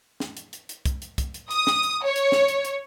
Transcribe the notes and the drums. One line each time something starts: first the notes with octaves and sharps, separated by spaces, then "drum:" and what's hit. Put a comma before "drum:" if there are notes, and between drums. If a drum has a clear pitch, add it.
drum: snare
drum: hi-hat
drum: hi-hat
drum: hi-hat
drum: kick, hi-hat
drum: hi-hat
drum: kick, hi-hat
drum: hi-hat
D#6, drum: hi-hat
drum: snare
drum: hi-hat
C#5
drum: hi-hat
drum: snare
drum: hi-hat
drum: hi-hat